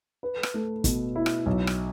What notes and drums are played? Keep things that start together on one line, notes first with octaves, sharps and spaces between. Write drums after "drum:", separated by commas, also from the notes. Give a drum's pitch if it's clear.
B4
drum: rim click
A3
B2, drum: kick, hi-hat
E4
drum: rim click
B1
drum: rim click